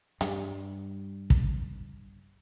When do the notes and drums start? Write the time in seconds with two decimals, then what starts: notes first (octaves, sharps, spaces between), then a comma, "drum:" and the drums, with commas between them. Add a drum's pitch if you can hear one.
0.21 G2 G3, drum: hi-hat
1.30 drum: kick